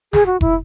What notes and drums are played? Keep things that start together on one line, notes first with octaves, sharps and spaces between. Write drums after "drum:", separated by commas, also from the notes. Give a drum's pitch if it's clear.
G#4, drum: snare
F#4
E4, drum: kick F1